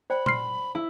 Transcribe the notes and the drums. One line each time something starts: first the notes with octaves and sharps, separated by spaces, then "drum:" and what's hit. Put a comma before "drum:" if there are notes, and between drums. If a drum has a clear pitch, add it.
C5 D5 G5 B5
C6 F6 C7, drum: tom A#2
E4